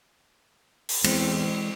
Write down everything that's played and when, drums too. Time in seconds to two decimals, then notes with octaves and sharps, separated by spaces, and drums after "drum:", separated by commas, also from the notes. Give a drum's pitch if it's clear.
0.89 drum: open hi-hat
1.04 E2 E3 G#3 C4, drum: cymbal